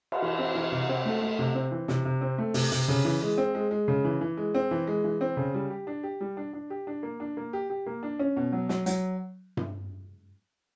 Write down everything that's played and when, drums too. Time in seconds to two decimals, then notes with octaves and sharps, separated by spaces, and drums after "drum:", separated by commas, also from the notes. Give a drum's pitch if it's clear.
0.12 drum: cymbal
0.22 E3
0.39 C4
0.55 E3
0.72 C3
0.89 C4
1.05 A3
1.22 A3
1.39 C3
1.55 C4
1.71 E3
1.88 C3, drum: snare
2.05 C3
2.21 C4
2.38 A3
2.54 C3, drum: open hi-hat
2.72 C3, drum: hi-hat
2.88 C#3
3.05 E3
3.21 G#3
3.38 C4
3.55 G#3
3.71 G#3
3.88 C#3
4.04 E3
4.21 E3
4.37 G#3
4.54 C4
4.71 E3
4.87 G#3
5.04 E3
5.21 C4
5.37 C#3
5.54 G3
5.70 G4
5.87 D4
6.03 G4
6.21 G3
6.37 D4
6.53 D4
6.70 G4
6.87 D4
7.03 A#3
7.20 D4
7.37 A#3
7.53 G4
7.70 G4
7.86 A#3
8.03 D4
8.19 C#4
8.36 B2
8.52 F#3
8.69 F#3, drum: snare
8.86 F#3, drum: hi-hat
9.57 drum: tom G2